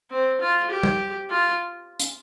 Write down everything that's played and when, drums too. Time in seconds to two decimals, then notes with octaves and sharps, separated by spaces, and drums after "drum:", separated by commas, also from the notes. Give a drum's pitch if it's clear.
0.11 C4
0.41 F4
0.71 G4
0.83 drum: tom
1.30 F4
1.99 drum: hi-hat